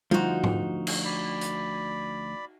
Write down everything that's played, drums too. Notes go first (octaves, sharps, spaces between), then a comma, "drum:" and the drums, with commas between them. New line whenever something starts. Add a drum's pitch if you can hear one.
D2 F3 D#4 F#4, drum: tom G3
drum: tom G#2
drum: cymbal
D5 B5
drum: hi-hat